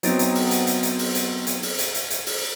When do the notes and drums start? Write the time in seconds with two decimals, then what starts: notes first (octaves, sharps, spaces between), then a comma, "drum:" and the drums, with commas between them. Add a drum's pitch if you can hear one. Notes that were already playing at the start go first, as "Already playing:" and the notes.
0.03 F#3 B3 C4 D#4 A6 D7, drum: hi-hat
0.19 drum: hi-hat
0.35 drum: open hi-hat
0.51 drum: hi-hat
0.67 drum: hi-hat
0.83 drum: hi-hat
0.99 drum: open hi-hat
1.15 drum: hi-hat
1.47 drum: hi-hat
1.63 drum: open hi-hat
1.79 drum: hi-hat
1.94 drum: hi-hat
2.10 drum: hi-hat
2.26 drum: open hi-hat